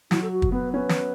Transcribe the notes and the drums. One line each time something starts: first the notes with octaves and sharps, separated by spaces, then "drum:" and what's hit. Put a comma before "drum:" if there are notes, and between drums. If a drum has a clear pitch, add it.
F#3 E4, drum: snare
A4
F#4
drum: kick
B3 B4
C#4 B4
drum: snare